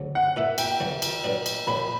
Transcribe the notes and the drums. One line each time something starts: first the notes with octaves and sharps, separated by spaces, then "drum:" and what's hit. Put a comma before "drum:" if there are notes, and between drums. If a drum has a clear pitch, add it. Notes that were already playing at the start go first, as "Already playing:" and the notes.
Already playing: D2 C#3 F#3
F#5
A#2 A#3 E4 E5
G5, drum: cymbal
E2 C#3 F#3
drum: cymbal
A#2 F#3 B3 D4
drum: cymbal
A#1 A#2 A#3 C#4 B5